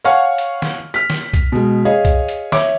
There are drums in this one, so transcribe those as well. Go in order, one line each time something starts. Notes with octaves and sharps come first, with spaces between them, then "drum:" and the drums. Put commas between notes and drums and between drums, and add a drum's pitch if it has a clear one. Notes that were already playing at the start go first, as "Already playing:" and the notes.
C#5 F5 F#5 G#5 C#6 F6
drum: hi-hat
drum: snare
F6 B6
drum: snare
drum: kick C2, hi-hat
B2 G#3
G#4 C#5 D#5 F5
drum: kick C2, hi-hat
drum: hi-hat
C#5 E5 D6, drum: snare